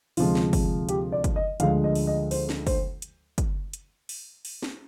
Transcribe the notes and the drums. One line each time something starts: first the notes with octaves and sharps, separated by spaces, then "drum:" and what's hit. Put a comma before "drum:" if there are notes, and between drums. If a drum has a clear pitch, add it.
D2 C3 F3 G#3 F4, drum: open hi-hat
drum: snare
drum: kick, open hi-hat
G4, drum: hi-hat
D5
drum: kick, hi-hat
D#5
D2 D3 F3 G#3 F5, drum: hi-hat
D#5
drum: open hi-hat
D#5
C5, drum: open hi-hat
drum: snare
C5, drum: kick, open hi-hat
drum: hi-hat
drum: kick, hi-hat
drum: hi-hat
drum: open hi-hat
drum: open hi-hat
drum: snare